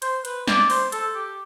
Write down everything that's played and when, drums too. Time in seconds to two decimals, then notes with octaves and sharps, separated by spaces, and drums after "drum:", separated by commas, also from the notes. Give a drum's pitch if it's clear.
0.02 C5, drum: hi-hat
0.25 B4, drum: hi-hat
0.48 D5, drum: snare
0.70 C5, drum: open hi-hat
0.92 A4, drum: hi-hat
1.15 G4